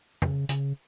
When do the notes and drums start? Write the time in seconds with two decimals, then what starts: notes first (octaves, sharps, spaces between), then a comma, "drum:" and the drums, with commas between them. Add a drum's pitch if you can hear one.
0.22 C#3, drum: tom
0.49 C#3, drum: hi-hat